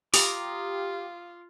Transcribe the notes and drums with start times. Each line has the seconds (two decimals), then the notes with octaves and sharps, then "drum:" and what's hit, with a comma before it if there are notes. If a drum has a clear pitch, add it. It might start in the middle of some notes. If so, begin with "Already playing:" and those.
0.14 F4 G4 A#5 D6 D#6, drum: open hi-hat